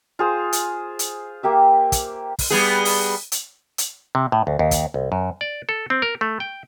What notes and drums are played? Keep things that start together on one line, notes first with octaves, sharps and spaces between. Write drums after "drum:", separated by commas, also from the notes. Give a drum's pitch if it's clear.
F4 G#4 C5
drum: hi-hat
drum: hi-hat
A#3 G4 E5
drum: kick, hi-hat
drum: kick, open hi-hat
G3 B3 G#4
drum: open hi-hat
drum: hi-hat
drum: hi-hat
C3
A2
D2
D#2
drum: kick, hi-hat
C2
F#2
D5
A4
C4
A#4
A3
G5